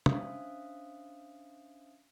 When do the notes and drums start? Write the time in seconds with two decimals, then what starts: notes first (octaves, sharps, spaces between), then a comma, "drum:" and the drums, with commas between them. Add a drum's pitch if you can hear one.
0.06 C#4 D4 C5 E5 F5 D#6, drum: tom